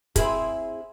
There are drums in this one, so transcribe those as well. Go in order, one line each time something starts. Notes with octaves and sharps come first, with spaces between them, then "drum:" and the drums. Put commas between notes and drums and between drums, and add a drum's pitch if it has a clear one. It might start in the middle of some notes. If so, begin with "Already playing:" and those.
C4 E4 G#4, drum: kick, hi-hat